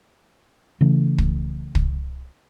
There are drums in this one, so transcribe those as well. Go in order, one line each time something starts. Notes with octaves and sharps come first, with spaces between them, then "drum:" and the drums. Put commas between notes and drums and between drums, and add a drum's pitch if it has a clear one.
C#3 E3 A3
drum: kick
drum: kick